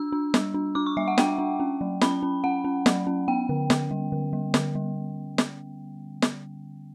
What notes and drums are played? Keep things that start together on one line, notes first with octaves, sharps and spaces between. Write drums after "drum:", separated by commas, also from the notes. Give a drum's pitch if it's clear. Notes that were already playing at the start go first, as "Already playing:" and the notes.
Already playing: D4 E6
D4
G3, drum: snare
D4
D4 D6
C#6
G3 E5
F#5
D4 G5, drum: snare
D4
C#4
F#3
C#4 B5, drum: snare
C#4
C#4 F#5
C#4
F#3, drum: snare
C#4
B3 G5
D3
D3, drum: snare
G3
D3
G3
D3, drum: snare
G3
drum: snare
drum: snare